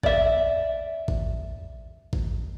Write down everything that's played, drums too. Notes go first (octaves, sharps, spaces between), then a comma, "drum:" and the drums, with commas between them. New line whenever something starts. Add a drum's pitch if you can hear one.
D5 E5, drum: kick A1
drum: kick A1
drum: kick A1